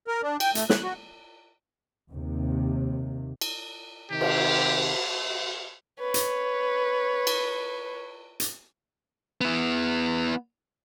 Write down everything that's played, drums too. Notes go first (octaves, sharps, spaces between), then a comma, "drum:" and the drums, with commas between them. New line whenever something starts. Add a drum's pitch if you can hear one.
A#4
D4
G5, drum: cymbal
A3, drum: hi-hat
F#6, drum: snare
F#4
D#2 C3
drum: cymbal
C3 D#3 G4
drum: cymbal
B4 C#5
drum: hi-hat
drum: cymbal
drum: hi-hat
B3 E4